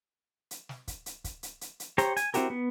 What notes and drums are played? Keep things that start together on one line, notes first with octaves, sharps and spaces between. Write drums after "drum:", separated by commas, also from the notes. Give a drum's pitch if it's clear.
drum: hi-hat
drum: snare
drum: kick, hi-hat
drum: hi-hat
drum: kick, hi-hat
drum: hi-hat
drum: hi-hat
drum: hi-hat
G4 C5 C#5 A#5, drum: hi-hat
G#5, drum: hi-hat
C4 E4 F#4 G4 A#4, drum: hi-hat
B3